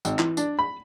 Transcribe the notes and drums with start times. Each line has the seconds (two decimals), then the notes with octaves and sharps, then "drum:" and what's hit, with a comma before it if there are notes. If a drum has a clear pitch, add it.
0.05 G#1, drum: tambourine
0.19 E3, drum: clap
0.37 D4, drum: tambourine
0.59 B5